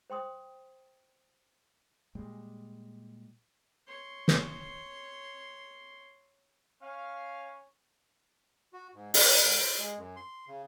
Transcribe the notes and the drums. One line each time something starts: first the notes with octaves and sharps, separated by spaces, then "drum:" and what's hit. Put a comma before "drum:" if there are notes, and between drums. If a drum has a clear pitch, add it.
C5 G5 C6 D#6
A#2 G3 G#3
C#5 C6
drum: snare
C#4 F5
F#4
G#2
D5, drum: open hi-hat
G#2
C5
G#3
F#2
C6
C#3